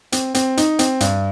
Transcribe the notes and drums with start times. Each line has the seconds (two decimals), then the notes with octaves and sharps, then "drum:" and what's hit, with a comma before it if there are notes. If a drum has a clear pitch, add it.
0.12 C4, drum: hi-hat
0.34 C4, drum: hi-hat
0.57 D#4, drum: hi-hat
0.79 C4, drum: hi-hat
1.00 G2, drum: hi-hat